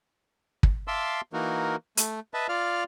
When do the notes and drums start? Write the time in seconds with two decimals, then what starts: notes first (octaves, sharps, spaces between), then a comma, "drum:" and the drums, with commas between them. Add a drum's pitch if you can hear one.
0.63 drum: kick
0.88 E5 F5 A5 C6 D6 E6
1.33 E3 A#3 D#4 F#4 A#4
1.97 A3, drum: hi-hat
2.34 B4 D#5 E5 A5
2.49 F4 D5 F5 F6